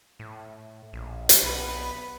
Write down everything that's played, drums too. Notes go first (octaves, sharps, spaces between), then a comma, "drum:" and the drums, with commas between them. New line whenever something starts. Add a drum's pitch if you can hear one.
A2
A#1
drum: hi-hat
B1 B3 B4